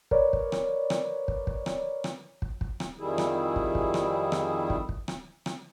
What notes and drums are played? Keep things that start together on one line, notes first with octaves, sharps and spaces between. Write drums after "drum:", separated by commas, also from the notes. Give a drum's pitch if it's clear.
A#4 B4 C#5 D5, drum: kick
drum: kick
drum: rim click
drum: rim click
drum: kick
drum: kick
drum: rim click
drum: rim click
drum: kick
drum: kick
drum: rim click
F2 D#3 G3 E4 G#4
drum: rim click
drum: kick
drum: kick
drum: rim click
drum: rim click
drum: kick
drum: kick
drum: rim click
drum: rim click